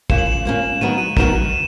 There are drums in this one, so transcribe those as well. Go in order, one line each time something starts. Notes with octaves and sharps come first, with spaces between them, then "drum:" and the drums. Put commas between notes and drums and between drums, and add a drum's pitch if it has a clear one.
A#2 A#3 C#4 E7, drum: kick
F#7
E7
A#2 A#3 C#4
D#3 F#3 B3 D#4 A#4 D#7
E7
D#7
D#3 F#3 B3 D#4 A#4 E7, drum: kick